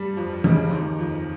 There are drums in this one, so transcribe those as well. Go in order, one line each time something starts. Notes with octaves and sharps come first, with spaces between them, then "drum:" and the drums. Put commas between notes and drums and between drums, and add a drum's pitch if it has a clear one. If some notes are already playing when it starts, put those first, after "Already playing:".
Already playing: G2 G3
F2 F3
C#2 C#3, drum: tom
D#2 D#3
F2 F3